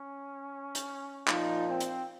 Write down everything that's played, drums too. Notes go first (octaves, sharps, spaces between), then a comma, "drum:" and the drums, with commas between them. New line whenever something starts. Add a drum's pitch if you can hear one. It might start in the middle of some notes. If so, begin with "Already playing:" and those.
Already playing: C#4
drum: hi-hat
A#2 F3 D#4, drum: clap
C4
drum: hi-hat